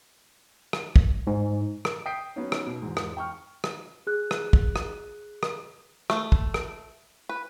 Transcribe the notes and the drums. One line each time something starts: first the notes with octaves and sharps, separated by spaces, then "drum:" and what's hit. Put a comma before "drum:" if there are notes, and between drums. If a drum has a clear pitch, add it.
drum: rim click
drum: kick
G#2
drum: rim click
G5 D#6 G6 B6 C7 D7
F#3 B3 C#4 D#4
drum: rim click
B2
E2 G#2
drum: rim click
G5 C#6 F6
drum: rim click
G#4 F#6
drum: rim click
drum: kick
drum: rim click
drum: rim click
A3, drum: rim click
drum: kick
drum: rim click
B4